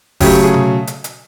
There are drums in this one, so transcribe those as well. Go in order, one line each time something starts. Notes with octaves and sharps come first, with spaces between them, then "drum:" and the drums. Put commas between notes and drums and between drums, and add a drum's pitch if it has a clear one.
C#3 F#3 A3 G4, drum: kick F#1, open hi-hat
G#4
drum: tom B2
drum: hi-hat
drum: hi-hat